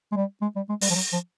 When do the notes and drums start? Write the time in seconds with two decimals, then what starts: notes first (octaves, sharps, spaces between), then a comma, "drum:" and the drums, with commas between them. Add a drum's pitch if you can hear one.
0.12 G#3
0.16 G3
0.41 G#3
0.56 G3
0.69 G#3
0.81 G3, drum: open hi-hat
0.90 F3
0.95 F#3
1.13 F3